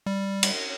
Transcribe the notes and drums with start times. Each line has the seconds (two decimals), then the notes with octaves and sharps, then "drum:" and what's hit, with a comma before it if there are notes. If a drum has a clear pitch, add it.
0.06 G3
0.43 drum: cymbal